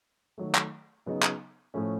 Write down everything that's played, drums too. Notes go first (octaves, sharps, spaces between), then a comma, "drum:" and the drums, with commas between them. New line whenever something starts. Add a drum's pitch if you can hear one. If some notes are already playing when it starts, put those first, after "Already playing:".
D#3 F#3 A3
drum: clap
C#3 F#3 B3 D#4
drum: clap
A2 F3 A3 C#4